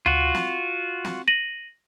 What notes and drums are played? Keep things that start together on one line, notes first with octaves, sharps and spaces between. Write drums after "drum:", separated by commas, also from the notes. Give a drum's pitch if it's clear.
F4 F#4, drum: tom D2
drum: snare
drum: snare
A#6 D#7 F#7